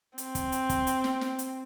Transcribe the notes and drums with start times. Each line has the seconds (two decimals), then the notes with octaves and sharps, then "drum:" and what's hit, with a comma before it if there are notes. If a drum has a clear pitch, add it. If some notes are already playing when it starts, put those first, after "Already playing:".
0.18 C4, drum: hi-hat
0.35 drum: kick, hi-hat
0.52 drum: hi-hat
0.69 drum: kick, hi-hat
0.87 drum: hi-hat
1.04 drum: snare
1.21 drum: snare
1.39 drum: hi-hat